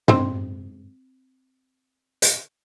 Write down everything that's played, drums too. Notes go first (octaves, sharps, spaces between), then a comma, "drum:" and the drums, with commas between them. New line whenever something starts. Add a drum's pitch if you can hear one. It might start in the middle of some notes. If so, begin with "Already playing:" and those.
C4 C5, drum: tom
drum: hi-hat